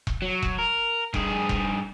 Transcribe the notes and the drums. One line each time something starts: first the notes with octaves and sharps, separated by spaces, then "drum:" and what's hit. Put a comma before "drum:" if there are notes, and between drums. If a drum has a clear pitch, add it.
drum: kick E1
F#3
drum: kick E1
A#4
G2 G#4, drum: kick E1
drum: kick E1